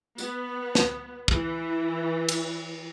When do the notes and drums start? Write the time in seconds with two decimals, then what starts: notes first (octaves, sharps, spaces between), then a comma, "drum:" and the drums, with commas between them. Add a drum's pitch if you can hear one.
0.18 B3, drum: tambourine
0.75 drum: snare
1.28 E3, drum: kick
2.29 drum: cymbal